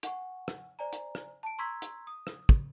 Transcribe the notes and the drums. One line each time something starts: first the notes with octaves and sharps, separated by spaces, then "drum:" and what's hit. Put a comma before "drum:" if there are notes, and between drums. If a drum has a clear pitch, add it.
F#5 G#5 C#6, drum: hi-hat
drum: rim click
C5 D5 G#5 A#5
drum: hi-hat
drum: rim click
A5 D7
A#5 C6 C#6 E6 G#6 B6
drum: hi-hat
D#6
drum: rim click
drum: kick